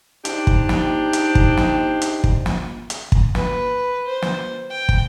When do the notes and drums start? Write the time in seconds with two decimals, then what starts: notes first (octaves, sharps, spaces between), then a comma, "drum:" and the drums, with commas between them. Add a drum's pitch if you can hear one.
0.25 D4 D#4 G4 C5 G5, drum: hi-hat
0.47 drum: kick
0.69 drum: snare
1.13 drum: hi-hat
1.35 drum: kick
1.57 drum: snare
2.02 drum: hi-hat
2.24 drum: kick
2.46 drum: snare
2.90 drum: hi-hat
3.12 drum: kick
3.35 B4, drum: snare
4.07 C5
4.22 drum: snare
4.70 G5
4.89 drum: kick